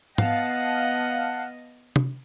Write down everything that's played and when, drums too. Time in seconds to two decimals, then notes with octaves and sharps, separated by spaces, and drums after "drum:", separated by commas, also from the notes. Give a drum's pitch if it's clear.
0.18 B3 D#5 F5 F#5 A5, drum: tom G#2
1.96 drum: tom C3